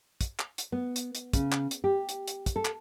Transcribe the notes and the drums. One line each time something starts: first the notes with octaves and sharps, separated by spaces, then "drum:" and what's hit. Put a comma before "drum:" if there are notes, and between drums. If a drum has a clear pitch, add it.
drum: kick, hi-hat
drum: clap
drum: hi-hat
B3
drum: hi-hat
drum: hi-hat
C#3, drum: kick, hi-hat
drum: clap
drum: hi-hat
G4
drum: hi-hat
drum: hi-hat
drum: kick, hi-hat
A4
drum: clap